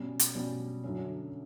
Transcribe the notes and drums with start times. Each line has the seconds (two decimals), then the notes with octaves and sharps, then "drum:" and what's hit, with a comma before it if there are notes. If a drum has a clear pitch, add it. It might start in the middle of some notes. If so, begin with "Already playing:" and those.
Already playing: B2 G3 C#4
0.19 drum: hi-hat
0.35 B2 G3 C#4
0.83 F#2 D3 F#3 C#4